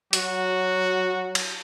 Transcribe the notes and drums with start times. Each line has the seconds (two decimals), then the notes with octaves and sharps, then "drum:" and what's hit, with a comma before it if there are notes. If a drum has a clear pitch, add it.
0.13 F#3 F#4, drum: hi-hat
1.35 drum: cymbal